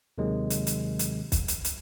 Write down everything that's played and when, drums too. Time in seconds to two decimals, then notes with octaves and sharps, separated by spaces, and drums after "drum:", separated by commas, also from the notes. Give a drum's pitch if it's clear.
0.18 D#2 C3 D#3 F#3 G#3
0.50 drum: hi-hat
0.67 drum: hi-hat
0.99 drum: hi-hat
1.32 drum: kick, hi-hat
1.48 drum: hi-hat
1.64 drum: hi-hat